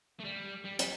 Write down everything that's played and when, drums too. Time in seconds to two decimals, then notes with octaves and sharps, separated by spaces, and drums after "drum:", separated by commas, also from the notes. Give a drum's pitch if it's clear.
0.20 A3
0.24 G3
0.65 G3
0.79 G3, drum: hi-hat